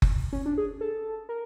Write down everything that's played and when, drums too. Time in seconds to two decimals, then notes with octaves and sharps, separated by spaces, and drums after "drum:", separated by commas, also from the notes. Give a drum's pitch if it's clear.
0.02 drum: kick F#1
0.33 C#4
0.46 D4
0.58 G#4
0.81 A4
1.29 A#4